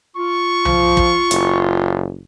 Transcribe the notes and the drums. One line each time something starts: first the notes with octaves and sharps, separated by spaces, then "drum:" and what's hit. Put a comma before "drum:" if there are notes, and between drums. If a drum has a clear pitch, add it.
F4 C#6
F3, drum: tom C2
drum: kick
F#1, drum: hi-hat